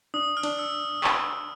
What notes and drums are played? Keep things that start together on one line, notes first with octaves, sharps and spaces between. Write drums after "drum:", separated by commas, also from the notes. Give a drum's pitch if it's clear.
D4 D#6
F6
D4, drum: cymbal
E6
drum: clap